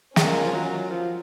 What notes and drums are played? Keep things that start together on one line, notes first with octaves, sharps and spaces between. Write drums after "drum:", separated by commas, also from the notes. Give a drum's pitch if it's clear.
G#3 C#4 F4 A#4, drum: snare
F3
F#3
F3